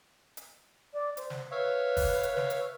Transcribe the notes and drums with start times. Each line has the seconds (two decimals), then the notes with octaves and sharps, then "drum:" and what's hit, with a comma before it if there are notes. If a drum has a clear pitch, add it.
0.37 drum: hi-hat
0.94 D5
1.17 C5, drum: hi-hat
1.30 drum: snare
1.51 B4 C#5 E5 F5
1.97 drum: kick, open hi-hat
2.23 drum: hi-hat
2.37 drum: snare
2.50 drum: hi-hat